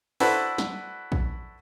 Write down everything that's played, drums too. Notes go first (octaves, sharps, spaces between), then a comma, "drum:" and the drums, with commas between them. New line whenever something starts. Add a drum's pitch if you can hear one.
D4 E4 F#4 A4 B4 C5, drum: open hi-hat
drum: snare
drum: kick A#1